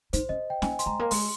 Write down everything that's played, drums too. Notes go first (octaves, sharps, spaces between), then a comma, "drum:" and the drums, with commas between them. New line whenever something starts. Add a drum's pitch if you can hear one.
D#4 C5, drum: hi-hat
C#4 D#5
G5
A#3 G#5, drum: snare
C6, drum: hi-hat
G#3 A#5
A#3
G#3 C6, drum: open hi-hat